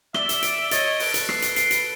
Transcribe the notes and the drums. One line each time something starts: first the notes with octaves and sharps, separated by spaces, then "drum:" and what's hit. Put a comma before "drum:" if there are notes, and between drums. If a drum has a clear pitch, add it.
D5 E5 G7, drum: rim click
drum: hi-hat
D7, drum: hi-hat
C#5 D#5 A6, drum: hi-hat
A4 B4 D7, drum: open hi-hat
drum: hi-hat
C7, drum: rim click
drum: hi-hat
C7, drum: hi-hat
drum: hi-hat